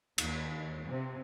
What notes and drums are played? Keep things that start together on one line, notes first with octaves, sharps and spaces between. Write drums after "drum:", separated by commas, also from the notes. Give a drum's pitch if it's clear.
D#2, drum: cymbal
C3